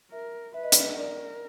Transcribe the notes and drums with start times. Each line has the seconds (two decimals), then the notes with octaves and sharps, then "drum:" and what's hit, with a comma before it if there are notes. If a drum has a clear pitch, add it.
0.11 A#4 E5
0.54 B4 E5
0.63 D#5
0.72 D5, drum: hi-hat
0.81 D#5
0.98 A#4 D5